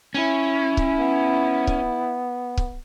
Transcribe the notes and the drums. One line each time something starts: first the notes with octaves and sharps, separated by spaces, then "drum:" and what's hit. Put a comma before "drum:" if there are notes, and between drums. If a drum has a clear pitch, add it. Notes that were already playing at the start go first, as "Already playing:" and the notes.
C#4 E4
drum: kick C#1
B3
drum: kick C#1
drum: kick C#1